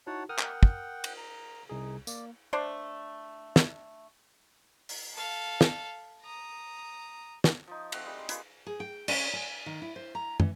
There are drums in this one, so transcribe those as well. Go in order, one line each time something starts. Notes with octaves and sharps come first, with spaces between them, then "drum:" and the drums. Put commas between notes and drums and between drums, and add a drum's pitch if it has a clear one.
D#4 E4 F#4 C#5 F#5 A5
A#4 F#5 G5 D#6 F6
drum: clap
drum: kick
drum: cymbal
A#5
C2 D#4 G#4
A#3 D5, drum: tambourine
A3 D4 C5 D5
drum: snare
drum: open hi-hat
A4 F5
drum: snare
A#5 D#6
drum: snare
F3 D#4
A3 C4 F#5 C6, drum: cymbal
G3 G#3 F5
A#3 F4 B4 G#5, drum: hi-hat
G#4
G5
C#4, drum: cymbal
G#5
D#3
E4
C5
A#5
E3, drum: tom